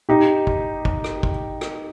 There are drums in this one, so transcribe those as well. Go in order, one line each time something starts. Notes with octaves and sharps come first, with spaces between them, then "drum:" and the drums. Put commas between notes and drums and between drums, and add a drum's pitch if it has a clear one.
D#4 G4
drum: kick
drum: kick
drum: rim click
drum: kick
drum: rim click